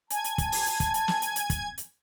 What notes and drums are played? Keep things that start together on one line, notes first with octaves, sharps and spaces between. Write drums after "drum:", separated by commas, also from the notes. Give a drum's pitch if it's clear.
G#5 A5 G#6, drum: hi-hat
drum: hi-hat
drum: kick, hi-hat
drum: open hi-hat
drum: hi-hat
drum: kick, hi-hat
drum: hi-hat
drum: snare
drum: hi-hat
drum: hi-hat
drum: kick, hi-hat
drum: hi-hat